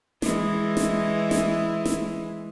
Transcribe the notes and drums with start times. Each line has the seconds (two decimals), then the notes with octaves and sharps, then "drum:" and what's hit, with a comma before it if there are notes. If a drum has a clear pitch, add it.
0.22 E3 G#3 E4, drum: snare
0.77 drum: snare
1.31 drum: snare
1.85 drum: snare